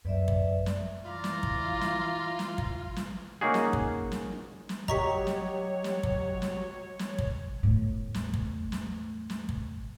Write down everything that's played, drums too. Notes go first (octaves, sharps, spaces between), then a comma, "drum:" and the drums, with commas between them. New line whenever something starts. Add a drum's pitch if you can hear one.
F#2 B4 D5 E5
drum: kick
drum: snare
E3 F4 D5 A#5
drum: snare
drum: kick
drum: snare
drum: snare
drum: kick
drum: snare
A#3 C#4 D#4 F#4 G#4
drum: snare
drum: kick
drum: snare
drum: snare
F#3 G4 C#5 D#5 A#5 C#6 B6, drum: kick
drum: snare
drum: snare
drum: kick
drum: snare
drum: snare
drum: kick
E2 A2
drum: snare
drum: kick
drum: snare
drum: snare
drum: kick